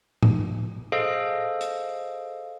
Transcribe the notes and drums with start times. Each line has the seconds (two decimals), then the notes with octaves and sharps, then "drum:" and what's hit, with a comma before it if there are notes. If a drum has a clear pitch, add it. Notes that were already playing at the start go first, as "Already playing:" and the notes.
0.23 drum: tom A2
0.92 G#4 A4 C5 D#5 F5
1.61 drum: hi-hat